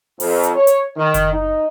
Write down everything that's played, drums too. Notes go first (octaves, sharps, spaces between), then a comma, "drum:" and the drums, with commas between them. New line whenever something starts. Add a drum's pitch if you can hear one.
F2, drum: open hi-hat
drum: hi-hat
C#5
drum: hi-hat
D#3
drum: kick F#1, hi-hat
D#4